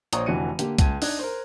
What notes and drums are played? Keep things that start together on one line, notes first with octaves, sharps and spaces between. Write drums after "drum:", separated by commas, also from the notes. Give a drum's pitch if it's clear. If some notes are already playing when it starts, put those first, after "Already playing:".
A#1 C5 C#5 A#5 D#6, drum: hi-hat
F1 D3 E3 F#4 C#7 D#7
D3 A#3 G4, drum: hi-hat
C#2 A5 G#6 D#7, drum: kick C2, hi-hat
D4 D#4 F#6 G#6, drum: open hi-hat
A#4 C5